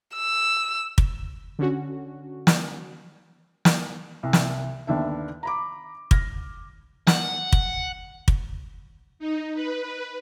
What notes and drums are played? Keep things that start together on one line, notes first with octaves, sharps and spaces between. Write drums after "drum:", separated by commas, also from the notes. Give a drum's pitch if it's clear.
E6
drum: kick
D3 C#4 F#4
drum: snare
drum: snare
C2
drum: snare
G1 D#2 D4 E5
A#5 B5 D6
F6 A#6, drum: kick
F#5, drum: snare
drum: kick
drum: kick
D#4
B4